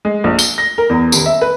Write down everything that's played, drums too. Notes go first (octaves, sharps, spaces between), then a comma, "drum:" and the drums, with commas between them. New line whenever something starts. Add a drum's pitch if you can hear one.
G#3
A#1
G7, drum: tambourine
A#6
A#4
E2
D#1, drum: tambourine
E5
B4